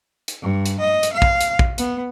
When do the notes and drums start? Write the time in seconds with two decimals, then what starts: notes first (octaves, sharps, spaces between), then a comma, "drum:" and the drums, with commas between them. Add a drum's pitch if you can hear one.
0.28 drum: hi-hat
0.42 G2
0.66 drum: hi-hat
0.79 D#5
1.03 drum: hi-hat
1.13 F5
1.22 drum: kick
1.41 drum: hi-hat
1.59 drum: kick
1.78 B3, drum: hi-hat